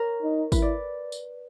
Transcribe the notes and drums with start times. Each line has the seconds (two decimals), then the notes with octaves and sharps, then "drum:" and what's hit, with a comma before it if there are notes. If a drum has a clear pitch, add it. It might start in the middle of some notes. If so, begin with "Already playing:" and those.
Already playing: A#4 C#5
0.22 D#4
0.52 E4 B4, drum: kick G#1, tambourine
0.62 D5
1.12 drum: tambourine